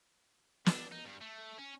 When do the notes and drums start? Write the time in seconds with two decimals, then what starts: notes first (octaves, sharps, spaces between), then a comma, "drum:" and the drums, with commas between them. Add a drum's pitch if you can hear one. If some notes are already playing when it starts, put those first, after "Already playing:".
0.66 D4, drum: snare
0.92 D#4
1.05 G2
1.21 A3
1.59 C#4